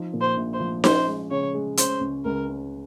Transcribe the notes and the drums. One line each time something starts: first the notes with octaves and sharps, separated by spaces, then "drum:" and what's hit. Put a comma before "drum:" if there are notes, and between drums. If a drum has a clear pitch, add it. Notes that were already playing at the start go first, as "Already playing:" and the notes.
Already playing: F3 D#4
A#2
C5
A#1
C5
F3
C#4 C5, drum: snare D#4
G#3
C#3 C#5
G#3
C#4 C5, drum: hi-hat
C#2
C#2 A#4
C#4